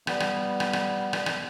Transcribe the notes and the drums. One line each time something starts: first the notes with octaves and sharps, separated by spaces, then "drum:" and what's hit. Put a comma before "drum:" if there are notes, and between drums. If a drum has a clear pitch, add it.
G3 B3, drum: rim click
drum: rim click
drum: rim click
drum: rim click
drum: rim click
drum: rim click